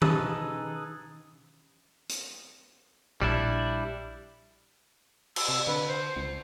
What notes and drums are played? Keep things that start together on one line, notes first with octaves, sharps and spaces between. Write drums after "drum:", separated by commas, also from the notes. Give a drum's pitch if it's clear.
D#4 G#4 A4 B4, drum: tom D#3
drum: hi-hat
A#1 G3 D4 E4
E6, drum: cymbal
C3
D3 B4
C5
C#2